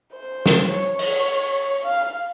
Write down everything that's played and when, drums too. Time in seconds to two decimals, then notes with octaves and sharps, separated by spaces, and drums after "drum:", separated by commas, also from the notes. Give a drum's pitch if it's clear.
0.13 C5
0.46 drum: snare
0.69 C#5
0.99 C#5, drum: open hi-hat
1.84 F5